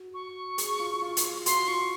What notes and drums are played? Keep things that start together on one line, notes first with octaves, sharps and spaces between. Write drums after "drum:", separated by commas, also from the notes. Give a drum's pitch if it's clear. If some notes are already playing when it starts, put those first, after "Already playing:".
Already playing: F#4
C#6
G#4, drum: hi-hat
F4
F4
drum: hi-hat
F#4 C6, drum: hi-hat
F4 C#6